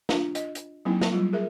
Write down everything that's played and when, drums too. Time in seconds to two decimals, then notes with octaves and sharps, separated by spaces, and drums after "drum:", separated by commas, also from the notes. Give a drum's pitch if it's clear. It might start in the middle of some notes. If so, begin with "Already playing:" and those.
0.09 D4 F4, drum: snare
0.35 D#5, drum: hi-hat
0.55 drum: hi-hat
0.85 F#3 A#3 C4 D#4 E4
1.01 drum: snare
1.12 F#3 G3 F4
1.33 G#4 A#4 E5